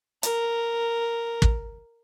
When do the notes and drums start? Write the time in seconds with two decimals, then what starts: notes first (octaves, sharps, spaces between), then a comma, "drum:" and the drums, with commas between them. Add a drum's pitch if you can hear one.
0.23 A#4, drum: hi-hat
1.42 drum: kick